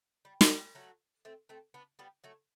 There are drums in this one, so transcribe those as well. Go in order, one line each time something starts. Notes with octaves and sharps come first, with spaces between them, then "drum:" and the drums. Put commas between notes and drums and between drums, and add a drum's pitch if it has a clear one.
G3
drum: snare
G3
F#3 A3
A3 C4
A3 C4
B3 D4
G3 B3
F#3 A3